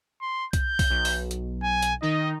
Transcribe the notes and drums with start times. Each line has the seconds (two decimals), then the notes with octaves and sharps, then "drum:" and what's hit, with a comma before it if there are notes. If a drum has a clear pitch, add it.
0.21 C6
0.53 G6, drum: kick B1, hi-hat
0.79 drum: kick B1, open hi-hat
0.90 B1
1.05 drum: open hi-hat
1.31 drum: hi-hat
1.63 G#5
1.82 drum: hi-hat
2.02 D#3 D#4 D#5